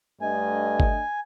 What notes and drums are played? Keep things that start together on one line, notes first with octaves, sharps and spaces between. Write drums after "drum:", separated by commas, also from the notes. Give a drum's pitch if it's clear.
G2 A3 D4 D#5 G#5
drum: kick G1